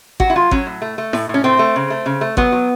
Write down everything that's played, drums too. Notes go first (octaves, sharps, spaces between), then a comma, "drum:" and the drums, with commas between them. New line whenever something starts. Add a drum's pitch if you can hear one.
F#3 F#4, drum: kick
E4
F#3 F4
F#3 C#4, drum: kick
A2
A3
A3
A2, drum: snare E4
A2 C#4
A3 C4
A3
C#3
A3
C#3
A3
F#3 B3, drum: kick
F#3